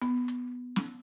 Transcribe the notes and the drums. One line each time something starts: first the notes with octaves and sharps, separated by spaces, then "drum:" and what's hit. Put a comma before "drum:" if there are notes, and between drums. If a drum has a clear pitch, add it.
B3, drum: hi-hat
drum: hi-hat
drum: snare